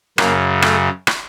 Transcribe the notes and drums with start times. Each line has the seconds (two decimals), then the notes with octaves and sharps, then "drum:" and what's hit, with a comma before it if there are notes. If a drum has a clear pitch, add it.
0.18 F#2 C#3 A#3, drum: rim click
0.62 A3, drum: rim click
1.07 drum: rim click